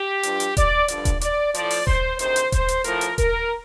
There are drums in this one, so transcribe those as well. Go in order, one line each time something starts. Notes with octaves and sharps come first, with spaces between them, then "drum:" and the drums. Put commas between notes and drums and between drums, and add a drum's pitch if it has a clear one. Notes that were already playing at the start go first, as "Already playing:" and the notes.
Already playing: G4
G2 F3, drum: hi-hat
drum: hi-hat
D5, drum: kick D#1, hi-hat
G2 D3 F3 D5, drum: hi-hat
drum: kick D#1, hi-hat
D5, drum: hi-hat
A2 F3 D5, drum: hi-hat
drum: open hi-hat
C5, drum: kick D#1
D2 C3 D#3 C5, drum: hi-hat
drum: hi-hat
C5, drum: kick D#1, hi-hat
drum: hi-hat
A2 F3 A#4, drum: hi-hat
drum: hi-hat
A#4, drum: kick D#1, hi-hat